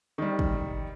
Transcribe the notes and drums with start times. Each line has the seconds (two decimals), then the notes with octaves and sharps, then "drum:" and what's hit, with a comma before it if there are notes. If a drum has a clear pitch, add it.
0.18 D#3 G3
0.39 drum: kick